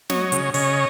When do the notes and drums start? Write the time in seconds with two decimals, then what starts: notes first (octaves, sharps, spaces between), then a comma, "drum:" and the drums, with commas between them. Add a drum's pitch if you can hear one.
0.10 F#3 C#5 D#5, drum: snare
0.32 C#3, drum: hi-hat
0.54 C#3 C#5 D#5, drum: open hi-hat